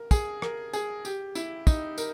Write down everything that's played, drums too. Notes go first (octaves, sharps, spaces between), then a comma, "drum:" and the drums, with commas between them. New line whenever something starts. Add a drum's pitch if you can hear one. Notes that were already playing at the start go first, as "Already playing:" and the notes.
Already playing: A#4
G#4, drum: kick, tambourine
A#4, drum: rim click
G#4, drum: tambourine
G4, drum: tambourine
E4, drum: tambourine
D#4, drum: kick, tambourine
A#4, drum: tambourine